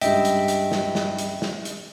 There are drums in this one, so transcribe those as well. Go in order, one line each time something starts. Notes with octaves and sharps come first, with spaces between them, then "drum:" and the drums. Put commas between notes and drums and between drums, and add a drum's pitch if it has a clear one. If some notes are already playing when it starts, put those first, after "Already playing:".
C#2 G2 D#5 E5 G5, drum: hi-hat
drum: hi-hat
drum: hi-hat
drum: snare
drum: snare
drum: hi-hat
drum: snare
drum: hi-hat